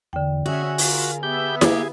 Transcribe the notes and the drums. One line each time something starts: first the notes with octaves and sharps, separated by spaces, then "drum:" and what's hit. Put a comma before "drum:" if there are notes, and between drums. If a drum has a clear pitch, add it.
E2 D3 G5
C#4 F#4 G#4 E5 F#5
F4 A#4, drum: open hi-hat
B3 G4 E5 G6
A#3 G4 G#4, drum: snare E4